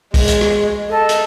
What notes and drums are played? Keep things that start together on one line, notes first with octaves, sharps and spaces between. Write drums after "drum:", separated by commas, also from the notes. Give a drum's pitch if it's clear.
G#3, drum: kick, open hi-hat
drum: hi-hat
drum: rim click
A4 D#5
drum: hi-hat